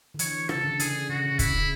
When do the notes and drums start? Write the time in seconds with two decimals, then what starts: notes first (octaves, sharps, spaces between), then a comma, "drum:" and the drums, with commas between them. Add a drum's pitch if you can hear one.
0.14 D3
0.19 E3 C#5, drum: hi-hat
0.49 C#3 A4, drum: rim click
0.65 D3
0.80 C#3 G#4, drum: hi-hat
1.09 C#3 F#4
1.25 C#3
1.39 C#3 E4, drum: kick, hi-hat
1.54 C#3